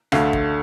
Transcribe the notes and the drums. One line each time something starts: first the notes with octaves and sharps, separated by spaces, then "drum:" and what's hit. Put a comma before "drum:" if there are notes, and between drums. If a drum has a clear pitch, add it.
D2 D3 A3 F5, drum: rim click
drum: kick